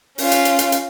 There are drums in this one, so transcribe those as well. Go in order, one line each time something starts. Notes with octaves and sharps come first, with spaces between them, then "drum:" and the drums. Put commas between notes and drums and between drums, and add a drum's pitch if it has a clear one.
C#4 F4, drum: open hi-hat
drum: hi-hat
drum: hi-hat
drum: hi-hat
drum: hi-hat